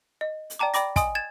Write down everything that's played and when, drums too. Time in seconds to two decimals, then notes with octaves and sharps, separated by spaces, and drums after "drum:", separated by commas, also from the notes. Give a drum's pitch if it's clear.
0.21 D#5
0.50 drum: hi-hat
0.59 D5 G5 A5 A#5 D6
0.74 D5 G5 B5 D6 A#6, drum: hi-hat
0.96 D#5 G#5 C6 D#6, drum: kick, hi-hat
1.15 G#6 A6 E7